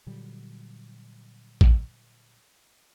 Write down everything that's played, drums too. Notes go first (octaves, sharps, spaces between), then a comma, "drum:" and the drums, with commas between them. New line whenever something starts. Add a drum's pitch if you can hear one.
A#2 D3 F#3 G3
drum: kick